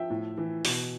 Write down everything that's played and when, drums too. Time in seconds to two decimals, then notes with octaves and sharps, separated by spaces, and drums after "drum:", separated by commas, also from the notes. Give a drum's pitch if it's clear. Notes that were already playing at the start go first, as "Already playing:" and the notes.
Already playing: F3 E5 G5
0.10 A2
0.37 E3
0.65 B2, drum: open hi-hat